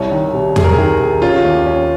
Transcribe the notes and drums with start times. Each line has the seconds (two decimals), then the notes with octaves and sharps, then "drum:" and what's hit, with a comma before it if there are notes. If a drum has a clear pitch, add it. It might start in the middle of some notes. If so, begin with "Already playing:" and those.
Already playing: C2 C#5
0.11 D#3
0.34 C3
0.56 C3 G#4, drum: tom E2
0.64 A#4
0.73 G#4
0.78 D#3
1.00 C3
1.22 C#4 F4
1.45 D#2
1.66 C#4